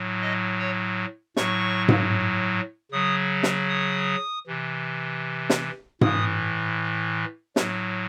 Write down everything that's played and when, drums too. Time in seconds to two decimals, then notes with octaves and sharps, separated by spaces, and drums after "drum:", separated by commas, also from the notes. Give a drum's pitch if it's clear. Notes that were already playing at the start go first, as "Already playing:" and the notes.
Already playing: A2 F#3
0.21 D#5
0.59 C#5
1.37 A2 F#3 C#6, drum: snare
1.88 drum: tom G#2
2.91 C#3 F#3 D#6
3.43 drum: snare
3.69 D#6
4.47 C3 E3
5.50 drum: snare
6.01 A2 E3 D#6, drum: tom G#2
7.56 A2 F#3, drum: snare